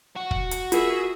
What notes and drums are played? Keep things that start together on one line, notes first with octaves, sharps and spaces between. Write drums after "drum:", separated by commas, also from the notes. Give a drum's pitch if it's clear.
F#4
drum: kick
drum: hi-hat
F4 G#4 A#4 E5, drum: hi-hat